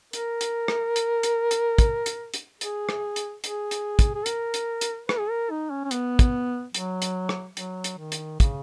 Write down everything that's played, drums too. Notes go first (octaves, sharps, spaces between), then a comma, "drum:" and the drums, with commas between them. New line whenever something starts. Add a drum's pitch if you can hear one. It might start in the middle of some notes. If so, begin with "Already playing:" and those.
A#4, drum: hi-hat
drum: hi-hat
drum: rim click
drum: hi-hat
drum: hi-hat
drum: hi-hat
drum: kick, hi-hat
drum: hi-hat
drum: hi-hat
G#4, drum: hi-hat
drum: rim click
drum: hi-hat
G#4, drum: hi-hat
drum: hi-hat
drum: kick, hi-hat
G#4
A#4, drum: hi-hat
drum: hi-hat
drum: hi-hat
B4, drum: rim click
G#4
A#4
D#4
C#4
C#4
B3, drum: hi-hat
drum: kick, hi-hat
F#3, drum: hi-hat
drum: hi-hat
drum: rim click
F#3, drum: hi-hat
drum: hi-hat
D#3
drum: hi-hat
C#3, drum: kick, hi-hat